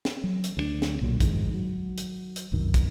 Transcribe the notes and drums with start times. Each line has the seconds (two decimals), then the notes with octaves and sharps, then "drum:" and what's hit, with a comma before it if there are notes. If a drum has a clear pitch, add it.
0.05 drum: snare
0.24 F#3
0.44 drum: hi-hat
0.57 D2 G3 D4
0.82 drum: snare
1.01 B1 A#2 F#3
1.20 G1 F2 G#2 D#3, drum: kick, hi-hat
1.54 F#3
1.97 drum: hi-hat
2.36 drum: hi-hat
2.52 G1 C2 F#2 D#3
2.74 drum: kick, hi-hat